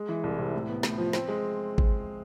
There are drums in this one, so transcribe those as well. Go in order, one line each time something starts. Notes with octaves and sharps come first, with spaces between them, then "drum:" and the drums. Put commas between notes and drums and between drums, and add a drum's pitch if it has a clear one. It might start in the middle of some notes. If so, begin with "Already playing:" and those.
Already playing: G#3
E3
C2
C3
A2
B3
A2, drum: snare
F3
C4, drum: snare
G#3
drum: kick G#1